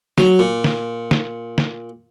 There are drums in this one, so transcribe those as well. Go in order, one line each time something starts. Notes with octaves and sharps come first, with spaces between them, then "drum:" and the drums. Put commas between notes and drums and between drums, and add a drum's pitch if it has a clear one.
F#3, drum: snare
A#2
drum: snare
drum: snare
drum: snare